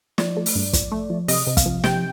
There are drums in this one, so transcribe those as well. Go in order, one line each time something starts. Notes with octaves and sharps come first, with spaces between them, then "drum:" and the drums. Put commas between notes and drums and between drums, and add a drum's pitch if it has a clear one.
F3 D5, drum: snare
A3
drum: open hi-hat
G2
F3, drum: kick, hi-hat
A3
F3
C3 D#5, drum: open hi-hat
C3
F5, drum: kick, hi-hat
F3
C3 G5, drum: snare